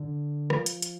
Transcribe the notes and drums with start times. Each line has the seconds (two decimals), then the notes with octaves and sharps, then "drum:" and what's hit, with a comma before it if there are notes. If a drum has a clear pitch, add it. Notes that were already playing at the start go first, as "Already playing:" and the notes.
Already playing: D3
0.50 F3, drum: rim click
0.66 drum: hi-hat
0.82 drum: hi-hat